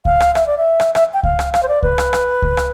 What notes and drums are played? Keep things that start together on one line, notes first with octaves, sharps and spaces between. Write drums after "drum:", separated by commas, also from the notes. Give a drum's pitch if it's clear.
F5, drum: kick C#2
drum: rim click
E5, drum: rim click
D5
E5
drum: rim click
E5, drum: rim click
G5
F5, drum: kick C#2
drum: rim click
F5, drum: rim click
C5
D5
B4, drum: kick C#2
drum: rim click
drum: rim click
drum: kick C#2
drum: rim click